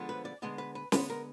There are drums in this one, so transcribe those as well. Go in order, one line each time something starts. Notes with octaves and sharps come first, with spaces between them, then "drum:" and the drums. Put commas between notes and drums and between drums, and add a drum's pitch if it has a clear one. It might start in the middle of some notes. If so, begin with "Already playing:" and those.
Already playing: D3 F3 G#3 B3
B4
D5
D3 G#3 B3 D#5
B4
B4
D3 G#3 B3 B4, drum: snare
A#4